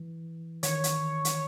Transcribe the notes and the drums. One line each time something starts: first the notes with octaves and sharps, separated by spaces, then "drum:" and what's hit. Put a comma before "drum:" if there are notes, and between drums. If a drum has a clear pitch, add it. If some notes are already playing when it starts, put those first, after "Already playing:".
Already playing: E3
D#3 C#5, drum: hi-hat
drum: hi-hat
drum: hi-hat